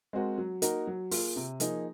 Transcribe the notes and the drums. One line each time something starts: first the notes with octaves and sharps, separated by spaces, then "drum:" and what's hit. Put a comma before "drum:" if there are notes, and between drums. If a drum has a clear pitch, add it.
G#3 C4 F#4 A#4
F#3
A#3 D#4 F#4 A#4, drum: hi-hat
F#3
A#3 F4 G#4, drum: open hi-hat
C3
F3 A#3 D#4 G#4, drum: hi-hat